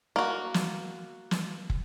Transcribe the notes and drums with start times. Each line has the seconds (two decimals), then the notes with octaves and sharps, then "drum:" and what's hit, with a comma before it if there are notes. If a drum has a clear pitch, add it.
0.16 A#3 F#4
0.54 drum: snare
1.31 drum: snare
1.70 drum: kick